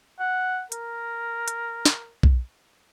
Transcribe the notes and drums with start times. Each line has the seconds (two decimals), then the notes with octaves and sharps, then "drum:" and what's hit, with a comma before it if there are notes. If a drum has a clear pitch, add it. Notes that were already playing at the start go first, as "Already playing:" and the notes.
0.20 F#5
0.72 A#4, drum: hi-hat
1.48 drum: hi-hat
1.85 drum: snare
2.23 drum: kick B1